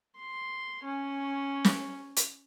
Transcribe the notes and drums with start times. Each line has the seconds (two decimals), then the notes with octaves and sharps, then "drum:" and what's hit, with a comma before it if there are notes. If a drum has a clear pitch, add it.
0.18 C6
0.84 C#4
1.64 drum: snare
2.17 drum: hi-hat